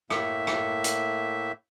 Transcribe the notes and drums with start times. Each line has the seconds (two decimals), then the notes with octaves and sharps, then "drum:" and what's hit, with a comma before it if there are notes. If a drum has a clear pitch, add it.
0.10 A2 A3 A#3 E5, drum: rim click
0.47 drum: rim click
0.84 drum: hi-hat